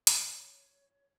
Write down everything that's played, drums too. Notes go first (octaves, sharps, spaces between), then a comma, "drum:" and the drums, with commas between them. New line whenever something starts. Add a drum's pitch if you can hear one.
C#5, drum: hi-hat